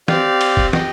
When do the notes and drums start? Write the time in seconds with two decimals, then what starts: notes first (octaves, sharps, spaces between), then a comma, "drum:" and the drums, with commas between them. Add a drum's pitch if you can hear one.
0.08 C4 G4 D5 F5, drum: snare
0.41 drum: cymbal
0.57 drum: kick
0.73 G4 D#5 G5, drum: snare